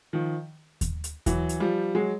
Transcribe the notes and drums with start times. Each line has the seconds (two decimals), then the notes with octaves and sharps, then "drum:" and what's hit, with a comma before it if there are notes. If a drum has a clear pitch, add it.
0.13 D#3 F3
0.81 drum: kick D#2, hi-hat
1.04 drum: hi-hat
1.26 E3 F#3, drum: kick D#2, hi-hat
1.49 drum: hi-hat
1.60 F3 G3
1.95 F#3 G#3